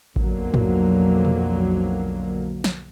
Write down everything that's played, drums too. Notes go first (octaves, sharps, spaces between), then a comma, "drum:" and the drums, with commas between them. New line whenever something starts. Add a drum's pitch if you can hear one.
B1 F2 D3 F#3 A#3, drum: kick A1
drum: tom
drum: tom
drum: snare